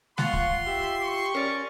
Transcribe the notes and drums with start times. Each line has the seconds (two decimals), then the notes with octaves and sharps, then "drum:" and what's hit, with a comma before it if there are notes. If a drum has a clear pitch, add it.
0.18 F4 F#5 C6 C#6, drum: snare G#3
0.33 drum: kick
0.67 G4 E5
1.02 C#6
1.35 C#4 A#4 D5 G#5